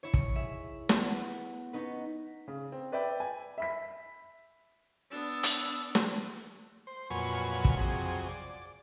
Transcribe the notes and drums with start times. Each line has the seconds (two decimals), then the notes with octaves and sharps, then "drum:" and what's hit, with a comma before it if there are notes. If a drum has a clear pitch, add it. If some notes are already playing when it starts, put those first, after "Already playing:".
0.03 E4 C#5
0.14 drum: kick
0.35 G#4 E5
0.89 B3, drum: snare
1.73 B3 C#4 D#4 B4
2.48 C#3
2.72 C4
2.92 B4 D5 E5 G5
3.20 G#5
3.58 E5 B5 B6
5.11 B3 D4 E6
5.43 drum: hi-hat
5.95 drum: snare
6.87 C5
7.10 F2 A#2 F#3 B4 C#5 G#5
7.65 drum: kick
7.77 F2 C3 F#3 G#4
8.28 D5